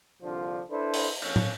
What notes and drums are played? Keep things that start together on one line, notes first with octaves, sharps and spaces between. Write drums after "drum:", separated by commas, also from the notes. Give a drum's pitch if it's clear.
C2 D3 F3 D4 F4
D4 E4 A4 B4 C5
drum: open hi-hat
F2 F3 A#3 C#4, drum: cymbal
drum: tom